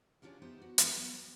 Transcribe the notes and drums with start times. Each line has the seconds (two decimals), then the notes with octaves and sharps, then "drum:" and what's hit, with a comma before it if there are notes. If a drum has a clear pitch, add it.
0.22 C#4 D4 F4 G4 A#4
0.42 B3 D#4 E4 G4 C5
0.62 F#4
0.78 E3 G#3 B3, drum: hi-hat
0.97 F#3